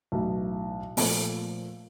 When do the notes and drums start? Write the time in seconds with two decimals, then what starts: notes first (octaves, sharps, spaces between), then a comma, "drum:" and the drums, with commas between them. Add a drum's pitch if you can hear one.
0.12 B1 A2 E3
0.97 A#2 F3 A3, drum: open hi-hat